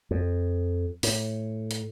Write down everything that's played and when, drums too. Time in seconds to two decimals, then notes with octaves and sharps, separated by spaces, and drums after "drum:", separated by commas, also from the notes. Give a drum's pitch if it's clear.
0.11 F2
1.03 A2, drum: open hi-hat
1.71 drum: hi-hat